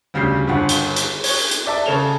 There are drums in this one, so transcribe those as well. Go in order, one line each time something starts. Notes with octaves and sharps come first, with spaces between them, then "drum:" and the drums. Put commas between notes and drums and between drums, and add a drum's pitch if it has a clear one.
D2 C#3 G3 G6 C7
G1 G2 F4 F#5
drum: hi-hat
drum: hi-hat
C#5, drum: open hi-hat
drum: hi-hat
D5 E5 A5
C#3 A4 C#5 E7 F7 G7